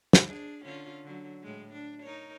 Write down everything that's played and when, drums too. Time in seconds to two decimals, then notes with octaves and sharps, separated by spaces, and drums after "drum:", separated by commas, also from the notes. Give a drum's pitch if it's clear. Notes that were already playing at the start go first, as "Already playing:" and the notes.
0.13 drum: snare
0.25 D4 G#4
0.64 D3 C#4 F4
1.05 D3 F#3
1.42 A2 G#3
1.73 D4
2.03 D#4 A#4 C#5